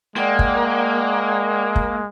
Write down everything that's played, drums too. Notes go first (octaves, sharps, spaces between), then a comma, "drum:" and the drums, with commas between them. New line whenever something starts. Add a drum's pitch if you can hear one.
G#3 A#3 D5 F#5 G5
drum: kick
drum: kick